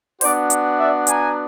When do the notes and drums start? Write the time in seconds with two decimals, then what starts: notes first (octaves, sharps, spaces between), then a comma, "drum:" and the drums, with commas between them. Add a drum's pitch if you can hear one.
0.21 B3 D4 F#4 C5 D5, drum: open hi-hat
0.50 drum: hi-hat
0.79 D5 E5
1.07 G#5 A#5, drum: hi-hat